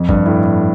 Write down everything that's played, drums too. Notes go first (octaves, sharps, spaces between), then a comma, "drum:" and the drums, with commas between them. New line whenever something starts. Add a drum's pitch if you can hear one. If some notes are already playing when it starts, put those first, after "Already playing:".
Already playing: F2
G2, drum: kick
A2